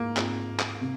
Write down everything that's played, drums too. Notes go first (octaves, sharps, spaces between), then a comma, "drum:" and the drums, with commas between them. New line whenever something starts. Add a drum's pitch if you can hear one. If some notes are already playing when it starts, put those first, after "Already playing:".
Already playing: G#2 G#3 A#3 F4 G#4
G#2 G#3 C4 F4 G#4, drum: clap
drum: clap
C3